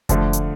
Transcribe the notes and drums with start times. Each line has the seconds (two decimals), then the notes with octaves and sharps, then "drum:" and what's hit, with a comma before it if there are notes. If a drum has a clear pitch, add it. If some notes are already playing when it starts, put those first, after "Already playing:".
0.09 D3 F3 A3, drum: kick F1, hi-hat
0.33 drum: hi-hat